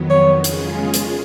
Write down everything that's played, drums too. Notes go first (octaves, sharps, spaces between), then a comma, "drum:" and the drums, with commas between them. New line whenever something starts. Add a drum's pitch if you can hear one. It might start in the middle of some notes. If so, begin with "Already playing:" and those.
Already playing: F2 D#3 F#3 B3
C#5
C#3 G#3 C#4 F4 G#4, drum: hi-hat
drum: hi-hat